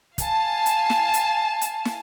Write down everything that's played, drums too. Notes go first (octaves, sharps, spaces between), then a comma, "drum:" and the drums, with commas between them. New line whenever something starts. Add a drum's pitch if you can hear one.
F5 G#5 A5, drum: kick, hi-hat
drum: hi-hat
drum: snare
drum: hi-hat
drum: hi-hat
drum: snare